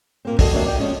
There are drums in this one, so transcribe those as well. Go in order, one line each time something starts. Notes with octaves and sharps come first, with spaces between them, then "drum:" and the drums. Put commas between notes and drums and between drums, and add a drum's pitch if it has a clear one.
A#2 A#3 C4
G#3 F#4 G4 A4 D5 D#5, drum: kick, open hi-hat
F#3 A#3 D4 G4 C#5 E5
D5 G5
F3 G#3 C#4 D#5